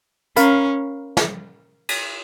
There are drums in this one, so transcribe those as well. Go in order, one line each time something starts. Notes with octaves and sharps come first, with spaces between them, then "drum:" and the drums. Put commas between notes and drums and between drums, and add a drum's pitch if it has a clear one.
C#4 A#4 F5 B5, drum: hi-hat
drum: snare
drum: cymbal